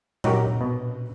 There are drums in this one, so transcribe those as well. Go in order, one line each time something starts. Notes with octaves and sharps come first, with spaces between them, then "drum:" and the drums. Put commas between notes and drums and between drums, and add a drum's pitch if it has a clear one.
F#3 D#4 F#4 G4 A#4, drum: tom A#2
B2